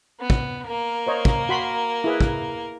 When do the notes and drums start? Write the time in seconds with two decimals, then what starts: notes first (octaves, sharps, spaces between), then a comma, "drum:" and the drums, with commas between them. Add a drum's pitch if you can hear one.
0.20 B3
0.30 drum: kick
0.66 A#3 A#4
1.07 C5 C#5 D#5
1.25 drum: kick
1.49 F#4 B5 C6
2.04 E4 G#4 B4
2.21 drum: kick